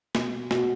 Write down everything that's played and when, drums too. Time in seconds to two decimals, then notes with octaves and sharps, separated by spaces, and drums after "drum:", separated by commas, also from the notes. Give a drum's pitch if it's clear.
0.15 B2, drum: snare
0.51 B2 F#4, drum: snare